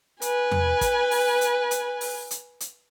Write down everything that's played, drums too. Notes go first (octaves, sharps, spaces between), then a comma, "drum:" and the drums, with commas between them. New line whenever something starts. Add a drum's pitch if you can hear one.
B4 G#5, drum: hi-hat
drum: tom E2
drum: kick, hi-hat
drum: open hi-hat
drum: hi-hat
drum: hi-hat
drum: open hi-hat
drum: hi-hat
drum: hi-hat